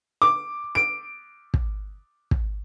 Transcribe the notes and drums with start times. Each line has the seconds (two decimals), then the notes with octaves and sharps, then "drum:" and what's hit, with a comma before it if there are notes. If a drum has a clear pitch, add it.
0.22 D6
0.75 D7
1.54 drum: kick
2.31 drum: kick